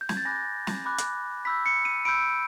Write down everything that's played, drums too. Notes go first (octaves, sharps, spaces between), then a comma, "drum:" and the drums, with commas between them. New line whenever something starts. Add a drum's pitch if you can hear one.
G6
G#6, drum: snare
A6
G#5 B5 D6 F#6 A#6
drum: snare
G#5 B5 D6 F#6
drum: hi-hat
B5 E6 G6 B6
C#7
D#7
B5 E6 G6 D7